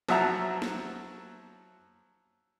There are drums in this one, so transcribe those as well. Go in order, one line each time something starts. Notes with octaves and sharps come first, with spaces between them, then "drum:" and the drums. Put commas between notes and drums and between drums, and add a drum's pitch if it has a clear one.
F3 F#3 E5 F#5 A5 A#5, drum: snare
drum: snare